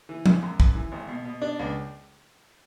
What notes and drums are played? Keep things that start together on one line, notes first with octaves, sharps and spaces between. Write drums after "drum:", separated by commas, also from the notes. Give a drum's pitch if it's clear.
E3
G#1, drum: tom
F#2
F#2, drum: kick
E3
G#1
B2
B2
D4
C#2